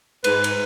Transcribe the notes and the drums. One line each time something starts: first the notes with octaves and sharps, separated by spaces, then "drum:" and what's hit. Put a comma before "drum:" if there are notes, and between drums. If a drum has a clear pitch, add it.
G#2 B4, drum: cymbal
drum: cymbal